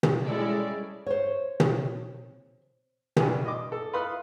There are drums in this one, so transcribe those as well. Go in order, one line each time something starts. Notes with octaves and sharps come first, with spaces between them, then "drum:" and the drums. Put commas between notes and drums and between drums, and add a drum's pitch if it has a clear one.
drum: tom
G3 G#3 C#4 E4 A4 D5
C5 C#5
drum: tom
B1 G2 D4 G#5, drum: tom
D#5 D6
A4
B4 F5 C6 D#6 F#6